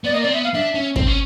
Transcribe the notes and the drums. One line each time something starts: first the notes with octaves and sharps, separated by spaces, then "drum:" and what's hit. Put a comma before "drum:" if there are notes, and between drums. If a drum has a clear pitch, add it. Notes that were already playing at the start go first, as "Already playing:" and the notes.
B3 D5
A#3 D#5
C4 D5
B3 E5
F5
D4 E5
C#4
C4, drum: kick
C#4